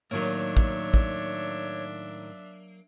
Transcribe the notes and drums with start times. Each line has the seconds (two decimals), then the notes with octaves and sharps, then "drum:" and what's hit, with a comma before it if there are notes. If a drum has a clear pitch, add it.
0.11 A2 D#3 F#3 A#3 D4 C#5 E5
0.57 drum: kick
0.94 drum: kick